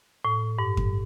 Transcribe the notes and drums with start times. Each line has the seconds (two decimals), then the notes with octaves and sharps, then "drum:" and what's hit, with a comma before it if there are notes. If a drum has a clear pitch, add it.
0.25 A2
0.59 G2
0.77 drum: kick F2